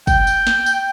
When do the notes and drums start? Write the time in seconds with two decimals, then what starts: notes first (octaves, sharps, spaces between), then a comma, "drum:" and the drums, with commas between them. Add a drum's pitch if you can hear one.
0.07 G5, drum: kick, tambourine
0.27 drum: tambourine
0.47 drum: snare
0.66 drum: tambourine